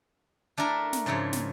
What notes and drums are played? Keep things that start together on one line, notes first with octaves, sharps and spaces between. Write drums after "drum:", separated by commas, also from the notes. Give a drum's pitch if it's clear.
A3 D4 E4 A#4
drum: snare
G#2 C#3 F3 E4 C#5
drum: snare